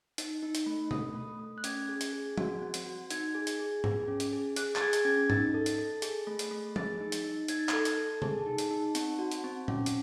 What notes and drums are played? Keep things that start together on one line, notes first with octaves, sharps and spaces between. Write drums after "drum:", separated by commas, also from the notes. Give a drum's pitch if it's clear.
D#4, drum: hi-hat
D#4
drum: hi-hat
A3
A3 D#6, drum: tom B2
A3
A3
F#6
C#4 G#6, drum: hi-hat
G#4
drum: hi-hat
G#4
F#4, drum: tom F3
C4
drum: hi-hat
F#4
D#4 G#6, drum: hi-hat
G#4
drum: hi-hat
G#4
G#4, drum: tom G#2
C#4
drum: hi-hat
G#4
G#4 F#6, drum: hi-hat
A6, drum: clap
G#4 G#6
drum: hi-hat
C#4 G#6
D#4 A6, drum: tom G#2
A4
drum: hi-hat
A4
G#4, drum: hi-hat
A3
drum: hi-hat
A3
G#4 A6, drum: tom F3
D#4
drum: hi-hat
D#4
D#4 G#6, drum: hi-hat
A6
A4 G#6, drum: clap
drum: hi-hat
A4
G#4 A5, drum: tom B2
D#4
drum: hi-hat
D#4
C4, drum: hi-hat
F#4
drum: hi-hat
C4
C#4, drum: tom A#2
drum: hi-hat